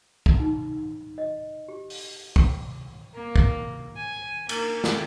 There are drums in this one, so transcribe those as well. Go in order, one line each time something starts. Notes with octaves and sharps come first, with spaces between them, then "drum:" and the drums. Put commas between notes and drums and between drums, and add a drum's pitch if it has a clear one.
drum: kick
D#4
D#5
G4
drum: open hi-hat
drum: kick
A#3
drum: kick
G#5
A#3, drum: cymbal
drum: snare